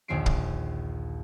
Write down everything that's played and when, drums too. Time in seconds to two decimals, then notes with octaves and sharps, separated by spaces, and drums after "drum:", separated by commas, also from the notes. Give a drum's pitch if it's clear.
0.08 A#1 D#2 D3 A#3 C7 D7
0.26 drum: kick